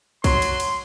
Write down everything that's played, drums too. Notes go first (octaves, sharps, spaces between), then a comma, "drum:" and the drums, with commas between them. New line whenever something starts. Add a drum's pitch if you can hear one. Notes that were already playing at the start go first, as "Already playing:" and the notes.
F#3 C6, drum: kick B1, cymbal
drum: cymbal
drum: cymbal